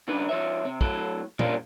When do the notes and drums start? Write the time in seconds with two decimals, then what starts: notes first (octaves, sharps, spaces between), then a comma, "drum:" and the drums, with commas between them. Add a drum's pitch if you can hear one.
0.08 C#3 G3 D4 B4
0.29 F3 C#5 E5
0.65 C3
0.81 A2 F#3 A4, drum: kick
1.39 F3 G3 A#3 C#4 D4 F4, drum: tom